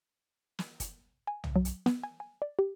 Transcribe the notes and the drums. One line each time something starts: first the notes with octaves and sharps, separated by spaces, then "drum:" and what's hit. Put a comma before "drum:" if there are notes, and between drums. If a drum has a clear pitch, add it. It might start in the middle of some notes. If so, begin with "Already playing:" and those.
drum: snare
drum: kick, hi-hat
G#5
drum: tom
F#3
drum: hi-hat
B3, drum: snare
G#5
G#5
D5
G4